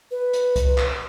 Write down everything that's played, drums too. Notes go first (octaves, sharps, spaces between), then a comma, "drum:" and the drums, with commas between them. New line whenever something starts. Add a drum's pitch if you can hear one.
B4
drum: hi-hat
drum: kick C2, hi-hat
drum: clap